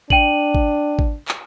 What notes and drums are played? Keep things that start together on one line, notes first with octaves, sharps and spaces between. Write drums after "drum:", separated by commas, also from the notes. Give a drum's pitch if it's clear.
D4 G5 D#7 F#7, drum: kick G#1
drum: kick G#1
drum: kick G#1
drum: clap